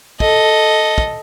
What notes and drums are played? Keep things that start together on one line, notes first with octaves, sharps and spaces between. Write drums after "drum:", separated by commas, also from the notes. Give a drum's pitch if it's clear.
A4 D#5, drum: kick
drum: kick